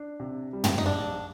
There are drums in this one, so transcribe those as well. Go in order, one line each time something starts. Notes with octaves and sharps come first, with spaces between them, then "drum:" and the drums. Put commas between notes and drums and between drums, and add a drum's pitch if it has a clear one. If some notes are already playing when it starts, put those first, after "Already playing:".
Already playing: D4
C3
G3
drum: tom
D#4
A#1 D4